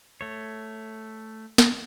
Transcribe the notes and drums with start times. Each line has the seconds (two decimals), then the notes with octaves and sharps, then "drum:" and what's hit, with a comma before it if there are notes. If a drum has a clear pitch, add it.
0.21 A3 C#5
1.58 drum: snare